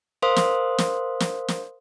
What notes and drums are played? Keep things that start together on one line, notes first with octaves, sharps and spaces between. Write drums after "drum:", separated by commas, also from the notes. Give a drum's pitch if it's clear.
A#4 C5 F5 C6 D#6
drum: snare
drum: snare
drum: snare
drum: snare